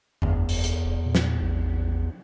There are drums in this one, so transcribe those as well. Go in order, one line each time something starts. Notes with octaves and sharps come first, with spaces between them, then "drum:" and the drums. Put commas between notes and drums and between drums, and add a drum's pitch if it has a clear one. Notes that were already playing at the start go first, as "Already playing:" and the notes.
G1 E2, drum: tom F#2
F1, drum: open hi-hat
drum: hi-hat
D#1
A#2
drum: snare
A1